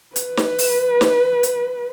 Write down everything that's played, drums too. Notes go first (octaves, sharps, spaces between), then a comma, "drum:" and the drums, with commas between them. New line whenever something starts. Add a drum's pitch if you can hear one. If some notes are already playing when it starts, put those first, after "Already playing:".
B4, drum: hi-hat
drum: snare
drum: open hi-hat
drum: snare
drum: hi-hat